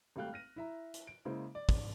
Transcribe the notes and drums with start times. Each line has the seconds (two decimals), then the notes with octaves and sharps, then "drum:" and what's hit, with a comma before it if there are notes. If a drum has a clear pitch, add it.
0.16 G#1 G3 A3 F5 G5 F#6
0.33 F6 A#6 D#7
0.56 E4 E5 A#5
0.94 drum: hi-hat
1.07 D7
1.25 C#3 G#3 A#3 E4 C5
1.55 D5
1.69 drum: kick, open hi-hat